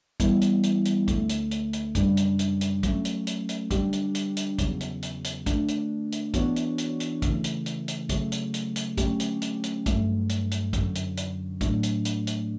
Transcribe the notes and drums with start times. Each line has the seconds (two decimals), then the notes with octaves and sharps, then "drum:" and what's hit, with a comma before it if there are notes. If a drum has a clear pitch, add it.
0.20 E3 G3 B3 E4, drum: kick, hi-hat
0.41 drum: hi-hat
0.63 drum: hi-hat
0.85 drum: hi-hat
1.08 D2 D3 A3, drum: kick, hi-hat
1.29 drum: hi-hat
1.51 drum: hi-hat
1.73 drum: hi-hat
1.95 F#2 C#3 G3 D4, drum: kick, hi-hat
2.17 drum: hi-hat
2.39 drum: hi-hat
2.61 drum: hi-hat
2.83 F#3 A3 C#4, drum: kick, hi-hat
3.05 drum: hi-hat
3.27 drum: hi-hat
3.49 drum: hi-hat
3.71 D3 G3 D4 G4, drum: kick, hi-hat
3.93 drum: hi-hat
4.15 drum: hi-hat
4.37 drum: hi-hat
4.59 E2 C#3 F#3, drum: kick, hi-hat
4.81 drum: hi-hat
5.03 drum: hi-hat
5.24 drum: hi-hat
5.46 D3 A3 D4, drum: kick, hi-hat
5.68 drum: hi-hat
6.12 drum: hi-hat
6.34 E3 B3 D4 F#4 C#5, drum: kick, hi-hat
6.56 drum: hi-hat
6.78 drum: hi-hat
7.00 drum: hi-hat
7.22 C#3 E3 A3, drum: kick, hi-hat
7.44 drum: hi-hat
7.66 drum: hi-hat
7.88 drum: hi-hat
8.09 C#3 F#3 A3, drum: kick, hi-hat
8.32 drum: hi-hat
8.54 drum: hi-hat
8.76 drum: hi-hat
8.97 D3 F#3 A3 C#4 G4, drum: kick, hi-hat
9.20 drum: hi-hat
9.42 drum: hi-hat
9.64 drum: hi-hat
9.86 G2 F#3 A3, drum: kick, hi-hat
10.29 drum: hi-hat
10.51 drum: hi-hat
10.73 F#2 D3 F#3, drum: kick, hi-hat
10.95 drum: hi-hat
11.17 drum: hi-hat
11.61 A2 F#3 A3 D4, drum: kick, hi-hat
11.83 drum: hi-hat
12.05 drum: hi-hat
12.27 drum: hi-hat